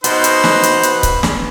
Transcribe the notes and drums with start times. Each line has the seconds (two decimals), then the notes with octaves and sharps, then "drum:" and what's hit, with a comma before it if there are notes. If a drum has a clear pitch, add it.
0.04 B2 D#4 B4 C5 F#6, drum: hi-hat
0.24 drum: hi-hat
0.44 drum: snare
0.63 drum: hi-hat
0.83 drum: hi-hat
1.03 drum: kick C#1, hi-hat
1.23 drum: snare